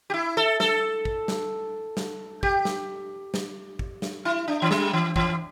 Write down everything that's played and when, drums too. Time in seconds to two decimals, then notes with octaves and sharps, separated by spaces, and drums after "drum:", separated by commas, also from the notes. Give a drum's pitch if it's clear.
0.10 G4
0.14 E4
0.37 A4
0.60 A4, drum: snare
1.05 drum: kick
1.28 drum: snare
1.97 drum: snare
2.43 G4, drum: kick
2.65 drum: snare
3.34 drum: snare
3.79 drum: kick
4.02 drum: snare
4.25 E4
4.48 D4
4.62 E3
4.71 G3, drum: snare
4.93 E3
5.16 E3, drum: kick